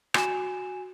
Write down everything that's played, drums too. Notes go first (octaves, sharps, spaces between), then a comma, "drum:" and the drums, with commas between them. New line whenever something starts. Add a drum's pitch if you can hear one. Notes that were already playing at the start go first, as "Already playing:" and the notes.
F#4 G#5 E7, drum: rim click